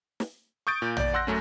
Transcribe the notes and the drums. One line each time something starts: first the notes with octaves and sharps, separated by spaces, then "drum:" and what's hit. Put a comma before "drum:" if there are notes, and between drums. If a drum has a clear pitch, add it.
drum: snare
C#6 D#6 G6 A6 D7
A#2
D#2 D5, drum: tom A#1
F#5 C6 E6 F#6 A#6
F#2 A3 C#4